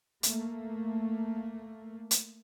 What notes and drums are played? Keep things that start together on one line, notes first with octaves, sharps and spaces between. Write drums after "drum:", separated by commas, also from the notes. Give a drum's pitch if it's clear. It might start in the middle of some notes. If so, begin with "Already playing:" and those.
A3 A#3, drum: hi-hat
drum: hi-hat